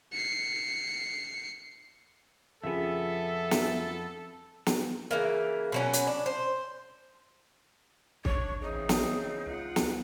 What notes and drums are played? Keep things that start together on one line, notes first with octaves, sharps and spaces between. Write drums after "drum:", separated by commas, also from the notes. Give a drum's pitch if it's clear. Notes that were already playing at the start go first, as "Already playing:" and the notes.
C7 C#7
F2 C#3 F3 B3 G#4 A4 E5
drum: snare
drum: snare
C#3 E3 A#3
B2 F#3 C#4
drum: hi-hat
D4
C5
A1 D4 C#5, drum: kick
C#3 E3 C4 D#4
drum: snare
C#2 F4 F#5
drum: snare